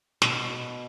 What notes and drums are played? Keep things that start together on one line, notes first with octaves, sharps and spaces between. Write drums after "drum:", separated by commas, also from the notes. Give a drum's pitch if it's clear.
B2, drum: snare